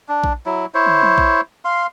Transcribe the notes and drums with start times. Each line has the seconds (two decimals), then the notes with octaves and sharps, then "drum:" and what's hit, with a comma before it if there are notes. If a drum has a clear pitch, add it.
0.08 D4
0.24 drum: kick A#1
0.46 F#3 E4
0.74 E4 C5 C#5
0.86 drum: tom
1.02 drum: tom F3
1.18 drum: kick A#1
1.65 F5 C6